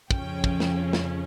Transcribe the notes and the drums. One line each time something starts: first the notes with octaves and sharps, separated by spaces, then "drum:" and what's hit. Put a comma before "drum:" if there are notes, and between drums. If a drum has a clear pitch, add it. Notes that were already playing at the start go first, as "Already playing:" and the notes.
F2 C#3 F3 C#4 G5, drum: kick
drum: kick
drum: snare
drum: snare